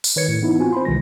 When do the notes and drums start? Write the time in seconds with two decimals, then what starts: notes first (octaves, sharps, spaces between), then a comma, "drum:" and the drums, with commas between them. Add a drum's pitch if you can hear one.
0.04 drum: open hi-hat
0.16 D#3 B4 C#5 G#6 C#7
0.28 A2
0.42 E3 B3 D#4 E4
0.60 C4 F4 F#4 G#5
0.73 C5 B5 C6
0.85 C2 C3 D#3 E3 G#3 A#6